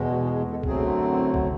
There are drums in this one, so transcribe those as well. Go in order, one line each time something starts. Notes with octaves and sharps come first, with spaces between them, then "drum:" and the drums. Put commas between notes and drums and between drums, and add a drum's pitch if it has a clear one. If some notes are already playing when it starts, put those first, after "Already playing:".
Already playing: E2 B2 G#3
F#4
G#4
A4
F#2 D3 F#3 A3 C4 G#4, drum: kick C2
E4
C4, drum: kick C2